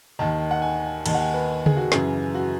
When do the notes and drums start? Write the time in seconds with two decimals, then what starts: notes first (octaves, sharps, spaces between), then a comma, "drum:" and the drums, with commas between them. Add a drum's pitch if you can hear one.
0.19 D#2 D#3 A5
0.51 F#5
0.62 G#5
1.06 D#2 D#3 A5, drum: cymbal
1.14 F#5
1.20 G#5
1.34 B4
1.66 G#4, drum: tom C#3
1.77 F#4
1.92 F#2 C#3 E3 G#4, drum: snare
2.35 F#4